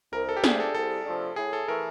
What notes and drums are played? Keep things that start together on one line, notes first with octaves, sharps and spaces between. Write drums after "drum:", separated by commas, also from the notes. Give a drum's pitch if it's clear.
C2 A#4
A4
G4
C3 F3 A3 D4 G#4, drum: snare
A4
C2 A4
C3 F3 A3 D4
A2 G#4
A4
E3 A3 A#4